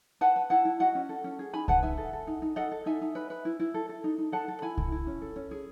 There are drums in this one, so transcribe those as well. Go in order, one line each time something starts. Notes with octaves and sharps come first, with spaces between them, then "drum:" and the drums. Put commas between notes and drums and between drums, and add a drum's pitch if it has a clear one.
B4 F#5 A5
B4
E4 F#5 A5
E4
F#4 D#5 F#5
C#4
A4
C#4
G#4
D#4 G#5 B5
B4 F#5 A5, drum: kick C2
D#4 E5 G#5
A4
A4
D#4
D#4
A4 D#5 F#5
A4
D#4 E5 G#5
D#4
B4
B4
E4
E4
A4
A4
D#4
D#4
A4 F#5 A5
A4
E4 G#5 B5
E4, drum: kick C2
E4
C#4
A4
C#4
G#4